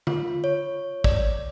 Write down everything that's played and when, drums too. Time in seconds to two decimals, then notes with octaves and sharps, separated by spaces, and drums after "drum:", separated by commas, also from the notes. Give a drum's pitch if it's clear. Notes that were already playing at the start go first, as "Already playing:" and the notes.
0.07 F4, drum: tom D3
0.44 C#5
1.04 D5, drum: kick